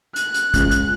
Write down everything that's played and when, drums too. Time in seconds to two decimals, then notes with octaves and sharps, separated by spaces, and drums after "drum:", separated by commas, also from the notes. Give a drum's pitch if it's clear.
0.16 F#6, drum: hi-hat
0.34 drum: hi-hat
0.54 C#2, drum: kick, hi-hat
0.71 drum: hi-hat